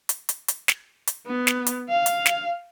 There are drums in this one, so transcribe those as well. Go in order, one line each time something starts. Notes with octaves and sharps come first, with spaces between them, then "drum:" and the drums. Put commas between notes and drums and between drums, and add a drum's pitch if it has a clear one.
drum: hi-hat
drum: hi-hat
drum: hi-hat
drum: snare
drum: hi-hat
B3
drum: snare
drum: hi-hat
F5
drum: hi-hat
drum: snare